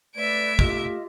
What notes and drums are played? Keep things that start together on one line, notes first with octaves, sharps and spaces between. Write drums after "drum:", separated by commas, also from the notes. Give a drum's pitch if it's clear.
A3 B4 D5 E5 G#6 D7
F4 G4 D#5, drum: kick